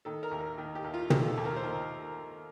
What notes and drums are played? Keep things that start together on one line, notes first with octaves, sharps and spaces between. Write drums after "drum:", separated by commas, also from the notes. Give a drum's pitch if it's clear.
D#3 A4
A#4
D#2
A#4
D#3
G4
D#2
F4
D#3 A4, drum: tom
A4
D#2
A#4
C5
D#3 A#4